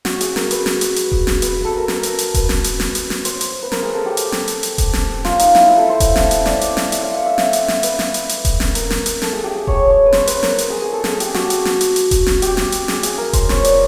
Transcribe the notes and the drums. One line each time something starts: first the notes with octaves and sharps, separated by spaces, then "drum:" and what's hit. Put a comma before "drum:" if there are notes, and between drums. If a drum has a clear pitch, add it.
F#4, drum: snare
G#4, drum: hi-hat
A#4, drum: snare
B4, drum: hi-hat
drum: snare
drum: hi-hat
drum: hi-hat
drum: kick D#1
drum: snare
B4, drum: hi-hat
A4
A#4
A#4, drum: snare
drum: hi-hat
drum: hi-hat
B4, drum: kick D#1, hi-hat
drum: snare
drum: hi-hat
drum: snare
drum: hi-hat
drum: snare
C5, drum: hi-hat
drum: hi-hat
B4
A#4, drum: snare
G#4
A4
G4
drum: hi-hat
drum: snare
drum: hi-hat
drum: hi-hat
drum: kick D#1, hi-hat
drum: snare
F4, drum: snare
D#4, drum: hi-hat
E4, drum: snare
E4
A4
C5
drum: kick D#1, hi-hat
drum: snare
drum: hi-hat
D5, drum: snare
drum: hi-hat
drum: snare
E5, drum: hi-hat
F5
F#5
E5
drum: snare
drum: hi-hat
drum: snare
B4, drum: hi-hat
drum: snare
drum: hi-hat
drum: hi-hat
drum: kick D#1, hi-hat
drum: snare
A#4, drum: hi-hat
drum: snare
drum: hi-hat
A4, drum: snare
G#4
G4
G#4
C#5, drum: kick D#1
C#5
B4
C5, drum: snare
B4, drum: hi-hat
A#4, drum: snare
drum: hi-hat
G#4
G#4
A4
G#4, drum: snare
G4, drum: hi-hat
F#4, drum: snare
drum: hi-hat
drum: snare
drum: hi-hat
drum: hi-hat
drum: kick D#1, hi-hat
drum: snare
G4, drum: hi-hat
drum: snare
drum: hi-hat
G#4, drum: snare
G#4, drum: hi-hat
A#4
C5, drum: kick D#1, hi-hat
C#5, drum: snare
D5, drum: hi-hat